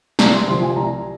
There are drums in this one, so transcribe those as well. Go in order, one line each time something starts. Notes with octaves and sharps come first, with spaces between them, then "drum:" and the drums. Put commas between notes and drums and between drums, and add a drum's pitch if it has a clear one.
C2 A#5, drum: snare
C6
C3 F3 C6
G#5
C2 A#5